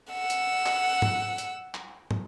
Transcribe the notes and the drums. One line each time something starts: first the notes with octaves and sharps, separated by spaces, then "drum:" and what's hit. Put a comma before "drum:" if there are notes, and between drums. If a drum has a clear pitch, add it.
F#5 E6
drum: hi-hat
drum: clap
drum: tom
drum: hi-hat
drum: clap
drum: tom